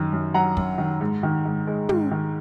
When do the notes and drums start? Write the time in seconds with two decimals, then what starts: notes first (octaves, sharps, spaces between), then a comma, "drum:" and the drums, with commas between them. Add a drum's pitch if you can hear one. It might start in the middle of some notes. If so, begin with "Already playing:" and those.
Already playing: F#2 D#3
0.13 F#2
0.34 F#3 F#5 A#5
0.57 F#2, drum: kick
0.78 D#3
1.01 G#2
1.23 D#3
1.45 G#2
1.67 G#3
1.89 G#2, drum: tom
2.11 D#3